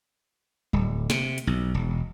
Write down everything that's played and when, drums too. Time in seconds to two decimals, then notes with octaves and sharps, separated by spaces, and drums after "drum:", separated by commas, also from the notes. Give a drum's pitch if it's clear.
0.73 D1, drum: tom F#3
1.10 C3, drum: snare
1.38 drum: hi-hat
1.47 B1
1.74 E1